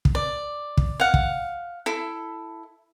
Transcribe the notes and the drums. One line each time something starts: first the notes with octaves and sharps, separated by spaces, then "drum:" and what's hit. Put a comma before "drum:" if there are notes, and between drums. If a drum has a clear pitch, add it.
drum: kick
D5
drum: kick
F5 F#5
drum: kick
E4 A4